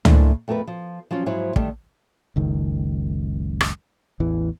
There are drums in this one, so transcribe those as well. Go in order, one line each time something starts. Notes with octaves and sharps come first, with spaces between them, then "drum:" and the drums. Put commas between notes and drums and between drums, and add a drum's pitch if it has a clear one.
G#2 A3 A#3 C4 D4 E4, drum: tom C#2
F2 A3 B3 A#4 B4
F3
F3 F#3 C#4 F4
G#2 F3 F#3 E4 C5
D3 D#3 G3 A3, drum: kick
F#1 C#2 D#3
drum: rim click
A1 E2 E3